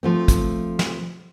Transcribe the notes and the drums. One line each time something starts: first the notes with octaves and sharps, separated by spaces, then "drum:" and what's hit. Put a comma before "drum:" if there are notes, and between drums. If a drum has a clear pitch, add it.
F3 A3 C4
drum: kick, hi-hat
drum: snare